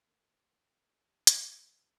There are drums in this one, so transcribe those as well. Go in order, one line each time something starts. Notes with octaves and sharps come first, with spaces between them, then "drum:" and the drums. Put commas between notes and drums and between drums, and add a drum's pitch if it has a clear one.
D#2 D#3 A3 A#4
C5
C5
A#4
A4
A4
G4
C2 C3 D#3 A4, drum: hi-hat
A#4
C5